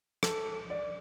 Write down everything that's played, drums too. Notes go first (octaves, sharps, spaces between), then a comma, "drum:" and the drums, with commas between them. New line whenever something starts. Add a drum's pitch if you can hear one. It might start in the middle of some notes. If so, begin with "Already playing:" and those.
A4, drum: rim click
D5